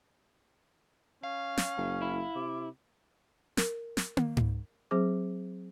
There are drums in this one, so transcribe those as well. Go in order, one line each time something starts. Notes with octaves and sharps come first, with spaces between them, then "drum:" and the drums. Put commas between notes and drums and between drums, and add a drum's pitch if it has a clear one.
C#4 F5
drum: snare
F#1
E4
C3 D6
A#4, drum: snare
drum: snare
drum: tom
drum: tom G#2
F#3 C4 G#4 C5 D6